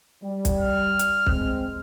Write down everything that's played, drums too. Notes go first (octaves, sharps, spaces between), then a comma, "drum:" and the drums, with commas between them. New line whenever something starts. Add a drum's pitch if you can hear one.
G3
drum: kick, hi-hat
F6
drum: hi-hat
G#3 C4, drum: kick